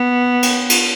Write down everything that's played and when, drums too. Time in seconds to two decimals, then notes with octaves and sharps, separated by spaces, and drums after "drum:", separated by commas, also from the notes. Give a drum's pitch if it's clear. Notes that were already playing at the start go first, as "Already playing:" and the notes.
Already playing: B3
0.42 drum: cymbal
0.69 drum: cymbal